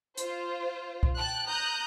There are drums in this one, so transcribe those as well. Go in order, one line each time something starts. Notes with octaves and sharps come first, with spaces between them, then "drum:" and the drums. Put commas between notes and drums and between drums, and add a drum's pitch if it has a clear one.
F4 C5, drum: hi-hat
drum: kick
G5 A5 F#6
A#5 D#6 F#6 G6